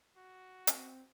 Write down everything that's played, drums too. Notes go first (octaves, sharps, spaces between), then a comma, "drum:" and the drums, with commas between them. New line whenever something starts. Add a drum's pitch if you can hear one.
F#4
C4, drum: hi-hat